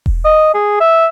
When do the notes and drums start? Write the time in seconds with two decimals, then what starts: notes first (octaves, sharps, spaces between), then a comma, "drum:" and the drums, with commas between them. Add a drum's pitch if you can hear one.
0.06 drum: kick E1
0.25 D#5
0.54 G#4
0.80 E5